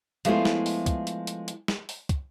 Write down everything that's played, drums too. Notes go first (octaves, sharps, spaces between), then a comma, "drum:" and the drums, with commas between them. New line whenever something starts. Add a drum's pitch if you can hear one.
F3 G#3 A3 B3 E4 F4, drum: hi-hat
drum: snare
drum: open hi-hat
drum: kick, hi-hat
drum: hi-hat
drum: hi-hat
drum: hi-hat
drum: snare
drum: open hi-hat
drum: kick, hi-hat